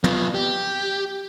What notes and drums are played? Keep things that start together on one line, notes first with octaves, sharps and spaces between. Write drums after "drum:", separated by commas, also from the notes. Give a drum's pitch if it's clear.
B3 F4, drum: tom
G4